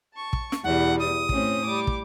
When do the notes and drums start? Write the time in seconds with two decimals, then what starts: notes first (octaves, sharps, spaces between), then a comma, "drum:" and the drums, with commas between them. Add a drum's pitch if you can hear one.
0.14 A5 C#6
0.33 drum: kick
0.52 drum: snare
0.64 E2 B2 G3 F#5
0.99 D#6
1.29 A2 C4 C#4, drum: kick
1.66 G3 D6
1.87 drum: kick